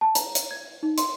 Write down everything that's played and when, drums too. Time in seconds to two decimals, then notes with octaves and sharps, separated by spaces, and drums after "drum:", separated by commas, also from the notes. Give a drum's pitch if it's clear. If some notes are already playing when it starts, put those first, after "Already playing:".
0.01 A5
0.15 A#5, drum: hi-hat
0.35 drum: hi-hat
0.51 G#6
0.83 D#4
0.98 C6, drum: hi-hat